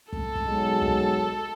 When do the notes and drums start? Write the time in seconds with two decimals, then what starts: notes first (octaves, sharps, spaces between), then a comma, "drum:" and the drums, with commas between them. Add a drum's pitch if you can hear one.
0.13 A4, drum: kick
0.35 drum: kick
0.45 B1 F#3 G#3
0.81 drum: kick